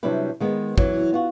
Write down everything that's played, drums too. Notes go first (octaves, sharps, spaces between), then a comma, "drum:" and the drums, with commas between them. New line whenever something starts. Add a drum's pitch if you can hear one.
C3 F#3 G3 D4 E4 B4
D#3 G#3 B3
E3 F#3, drum: kick
B3 F4 F#4